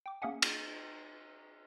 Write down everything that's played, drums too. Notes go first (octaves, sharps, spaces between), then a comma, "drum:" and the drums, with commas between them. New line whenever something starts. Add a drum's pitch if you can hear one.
G5 D6
A#3 C#4 G#4 E5 F#5 G#5
drum: cymbal